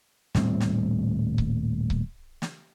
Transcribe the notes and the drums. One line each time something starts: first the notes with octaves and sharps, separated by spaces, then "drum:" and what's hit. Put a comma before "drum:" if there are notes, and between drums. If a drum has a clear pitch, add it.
D#1 A2 G3 C4, drum: snare
drum: snare
drum: kick C#1
drum: kick C#1
drum: snare